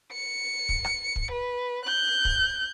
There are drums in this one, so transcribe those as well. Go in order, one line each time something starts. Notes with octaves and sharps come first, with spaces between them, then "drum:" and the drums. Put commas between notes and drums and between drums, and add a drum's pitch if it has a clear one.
C#7
drum: kick
drum: rim click
drum: kick
B4
F#6 G6
drum: kick